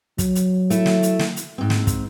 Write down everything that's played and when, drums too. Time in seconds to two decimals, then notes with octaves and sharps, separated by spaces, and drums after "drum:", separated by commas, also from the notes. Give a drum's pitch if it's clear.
0.18 F#3, drum: kick, hi-hat
0.35 drum: hi-hat
0.70 A3 E4, drum: hi-hat
0.86 drum: snare
1.03 drum: hi-hat
1.20 drum: snare
1.36 drum: hi-hat
1.58 G#2 C4
1.70 drum: snare
1.87 drum: kick, hi-hat